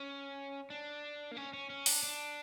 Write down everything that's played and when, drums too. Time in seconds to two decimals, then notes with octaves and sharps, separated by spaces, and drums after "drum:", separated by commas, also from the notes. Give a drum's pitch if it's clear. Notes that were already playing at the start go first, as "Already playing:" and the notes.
Already playing: C#4
0.70 D4
1.31 A#3
1.37 C#4
1.53 C#4
1.70 C#4
1.86 D4, drum: open hi-hat
2.03 D4